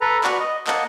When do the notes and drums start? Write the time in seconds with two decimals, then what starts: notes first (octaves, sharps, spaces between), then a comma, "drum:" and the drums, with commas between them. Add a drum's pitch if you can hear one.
0.01 A4 B4 A#5
0.24 F#4 B4 D5 C#6 F6 F#6, drum: clap
0.40 D#5
0.67 A#3 D#5 F#5 A5, drum: clap